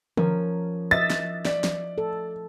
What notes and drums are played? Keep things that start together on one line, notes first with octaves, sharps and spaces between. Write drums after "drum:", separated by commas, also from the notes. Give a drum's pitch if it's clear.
F3 C#4 A#4, drum: tom D3
D#5 E5 A6
drum: snare
D5 B6, drum: snare
drum: snare
A4